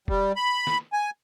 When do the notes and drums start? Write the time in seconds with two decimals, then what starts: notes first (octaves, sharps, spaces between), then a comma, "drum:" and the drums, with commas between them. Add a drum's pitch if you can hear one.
0.08 G3, drum: kick F1
0.36 B5
0.67 drum: snare
0.93 G#5